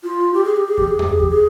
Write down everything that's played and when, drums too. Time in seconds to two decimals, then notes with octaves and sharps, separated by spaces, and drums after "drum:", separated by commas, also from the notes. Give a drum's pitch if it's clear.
0.04 F4
0.34 G4
0.45 G#4
0.56 G4
0.67 G#4
0.78 G4, drum: kick E2
0.88 G#4
0.99 G4, drum: tom E2
1.08 G#4
1.20 G4, drum: kick E2
1.30 G#4